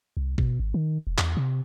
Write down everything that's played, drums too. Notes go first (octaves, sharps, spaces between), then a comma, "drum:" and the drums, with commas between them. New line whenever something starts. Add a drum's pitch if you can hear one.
C2
B2, drum: kick G#1
G#1
D#3
E1
E2, drum: clap
C3